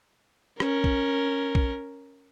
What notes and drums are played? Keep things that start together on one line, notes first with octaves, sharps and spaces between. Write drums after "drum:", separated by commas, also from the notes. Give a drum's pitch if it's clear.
C#4 A#4, drum: rim click
drum: kick
drum: kick